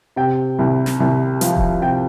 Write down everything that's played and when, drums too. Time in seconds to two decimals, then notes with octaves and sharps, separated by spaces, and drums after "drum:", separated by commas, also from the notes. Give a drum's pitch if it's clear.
0.16 C3 G5
0.59 C2
0.86 drum: snare
1.00 C2
1.41 F3, drum: hi-hat
1.57 drum: kick D#1
1.82 C3 G5